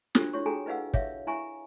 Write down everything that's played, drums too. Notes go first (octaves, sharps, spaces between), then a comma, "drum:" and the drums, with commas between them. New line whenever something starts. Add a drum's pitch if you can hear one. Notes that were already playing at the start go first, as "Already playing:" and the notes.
D4 F4 F#4 A4 C5, drum: snare
E4 F#4 C#5 C#6
F#4 G#4 A4 G5 G#5 A#5
E4 B4 D#5 F5 F#5 E6
C#5 E5 F5, drum: kick
E4 E5 G#5 A#5 C#6